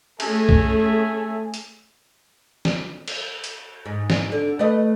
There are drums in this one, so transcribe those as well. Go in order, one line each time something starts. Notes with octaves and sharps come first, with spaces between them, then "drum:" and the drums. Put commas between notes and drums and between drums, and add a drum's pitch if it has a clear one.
A3 C#4 G#4 A4 E5 G#5, drum: cymbal
drum: kick
drum: hi-hat
drum: snare
drum: cymbal
drum: hi-hat
G#2
drum: snare
D3
A3 B4 D#5